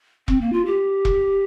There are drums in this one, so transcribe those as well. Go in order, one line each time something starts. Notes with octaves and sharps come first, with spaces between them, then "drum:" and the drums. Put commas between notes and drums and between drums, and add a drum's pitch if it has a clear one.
C4, drum: kick E1
A#3
F4
G4
drum: kick E1